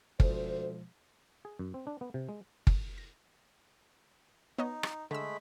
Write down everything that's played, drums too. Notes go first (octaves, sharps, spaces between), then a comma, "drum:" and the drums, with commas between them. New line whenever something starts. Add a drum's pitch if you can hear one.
D2 B2 F3 G#3 C5, drum: kick
G#4
F#2
C4
D4
B3
C3
G#3
drum: kick
A#6
B3 D#4 C#5 D#5
drum: rim click
D3 G#3 A3 B5 E6